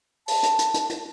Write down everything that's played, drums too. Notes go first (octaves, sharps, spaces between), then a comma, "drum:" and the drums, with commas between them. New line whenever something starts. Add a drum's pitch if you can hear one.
A5, drum: open hi-hat
drum: hi-hat
drum: hi-hat
drum: hi-hat
drum: hi-hat